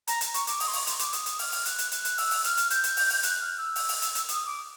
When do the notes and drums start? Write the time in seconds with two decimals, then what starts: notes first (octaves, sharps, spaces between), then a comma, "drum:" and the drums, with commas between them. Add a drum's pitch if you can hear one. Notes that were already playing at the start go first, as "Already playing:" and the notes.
0.07 A#5, drum: hi-hat
0.21 drum: hi-hat
0.34 C#6, drum: hi-hat
0.47 D6, drum: hi-hat
0.60 D#6, drum: open hi-hat
0.68 C6
0.73 C#6, drum: open hi-hat
0.87 C6, drum: hi-hat
0.99 D6, drum: hi-hat
1.13 D#6, drum: hi-hat
1.26 drum: hi-hat
1.39 F6, drum: open hi-hat
1.52 drum: open hi-hat
1.65 F#6, drum: hi-hat
1.78 drum: hi-hat
1.91 F#6, drum: hi-hat
2.05 drum: hi-hat
2.18 E6, drum: open hi-hat
2.31 drum: open hi-hat
2.44 F6, drum: hi-hat
2.57 drum: hi-hat
2.70 G6, drum: hi-hat
2.84 drum: hi-hat
2.97 drum: open hi-hat
3.10 drum: open hi-hat
3.23 F#6, drum: hi-hat
3.41 F6
3.58 E6
3.76 drum: open hi-hat
3.89 drum: open hi-hat
4.02 drum: hi-hat
4.15 drum: hi-hat
4.28 D#6, drum: hi-hat
4.46 D6